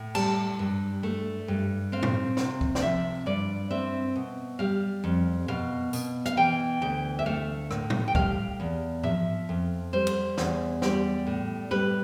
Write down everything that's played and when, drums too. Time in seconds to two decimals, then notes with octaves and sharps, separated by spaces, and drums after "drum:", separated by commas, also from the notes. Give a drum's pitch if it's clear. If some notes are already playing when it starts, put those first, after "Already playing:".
Already playing: A2
0.15 G3 A5, drum: cymbal
0.59 G2
1.03 A3
1.48 G2
1.92 C4 F5
2.03 drum: tom A2
2.37 C3, drum: snare
2.61 drum: kick
2.75 D5, drum: snare
2.81 F3 E5
3.26 G2 D5
3.71 C4 E5
4.16 B2
4.59 G3 F5
5.04 F2
5.48 B2 F5
5.93 B2, drum: tambourine
6.26 F5, drum: hi-hat
6.37 E3 G5
6.82 D2 G5
7.19 E5
7.26 A3 F5
7.71 A2, drum: rim click
7.90 drum: tom A2
8.08 G5
8.15 G3 F5, drum: kick
8.60 E2
9.04 F3 E5, drum: tom G#2
9.49 F2
9.93 G3 C5
10.07 drum: cymbal
10.38 E2, drum: snare
10.82 G3 D5, drum: snare
11.27 A2
11.71 G3 B4